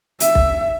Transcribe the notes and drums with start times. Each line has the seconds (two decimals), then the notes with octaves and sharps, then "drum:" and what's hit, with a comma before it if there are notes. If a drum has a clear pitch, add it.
0.20 E5, drum: hi-hat
0.35 drum: kick B1